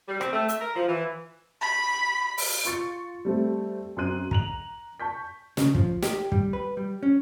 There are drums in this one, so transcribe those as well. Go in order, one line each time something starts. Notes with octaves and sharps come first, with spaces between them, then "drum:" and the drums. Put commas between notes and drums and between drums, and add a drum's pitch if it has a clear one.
G3
C4, drum: rim click
A3
E5, drum: hi-hat
A#4
F3
E3
B5
drum: open hi-hat
F4 C6 C#6 A6 C#7
G3 A3 C4
F#2 C4 C6 F#6 D#7
A#5 F7 F#7, drum: kick
A5 C#6 G6 B6
C#3, drum: snare
F3, drum: kick
G4, drum: snare
G3, drum: kick
B4
G3
C#4